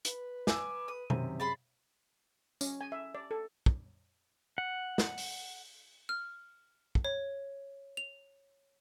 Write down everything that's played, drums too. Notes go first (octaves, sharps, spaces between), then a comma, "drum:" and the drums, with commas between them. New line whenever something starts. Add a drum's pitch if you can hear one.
B4, drum: hi-hat
G#5 D6 E6, drum: snare
D#6
F#2 C3 D#3 C5, drum: tom B2
G#4 A5 B5 C6
C#4, drum: tambourine
G#5
E5
D5
A4
drum: kick
F#5
drum: snare
drum: open hi-hat
F6
drum: kick
C#5
F7